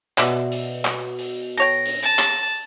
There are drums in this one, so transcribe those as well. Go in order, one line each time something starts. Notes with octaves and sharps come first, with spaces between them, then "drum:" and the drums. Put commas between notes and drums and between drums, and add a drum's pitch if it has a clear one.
B2 F#4 D5 E5, drum: clap
drum: open hi-hat
drum: clap
drum: open hi-hat
A4 C#5 G5 A#6
drum: open hi-hat
A5
drum: clap